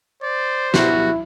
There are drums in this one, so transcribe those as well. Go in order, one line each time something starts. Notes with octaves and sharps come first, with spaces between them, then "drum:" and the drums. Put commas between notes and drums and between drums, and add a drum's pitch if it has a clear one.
C5 D5
B2 F#3 G3 E4 F#4, drum: snare